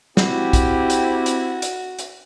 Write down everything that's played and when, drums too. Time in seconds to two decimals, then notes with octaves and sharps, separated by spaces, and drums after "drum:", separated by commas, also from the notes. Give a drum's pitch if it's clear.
0.17 C4 E4 F#4 G4, drum: snare
0.53 drum: kick, hi-hat
0.90 drum: hi-hat
1.26 drum: hi-hat
1.62 drum: hi-hat
1.99 drum: hi-hat